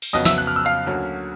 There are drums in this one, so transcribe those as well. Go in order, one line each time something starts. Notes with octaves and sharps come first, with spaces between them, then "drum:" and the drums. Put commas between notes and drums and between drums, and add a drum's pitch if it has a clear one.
drum: cymbal
F2 C#3 F#3 B3 D#5 D#6
E5 E6, drum: snare
F#6
F6
E6
F5 F6
D2 D3 F#3 A#3 C#4